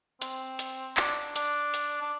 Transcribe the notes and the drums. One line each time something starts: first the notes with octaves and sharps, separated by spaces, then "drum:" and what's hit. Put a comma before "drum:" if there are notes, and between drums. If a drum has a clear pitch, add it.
C4, drum: hi-hat
drum: hi-hat
D4, drum: clap
D4
D4, drum: hi-hat
drum: hi-hat
D4